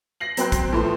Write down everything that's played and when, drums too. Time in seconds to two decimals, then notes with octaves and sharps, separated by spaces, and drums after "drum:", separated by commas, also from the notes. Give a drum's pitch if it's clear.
0.20 A#6 C7 F#7
0.37 F#3 C4 G5 C6 F#6, drum: hi-hat
0.52 drum: kick, hi-hat
0.72 A2 E3 F3 A3 C6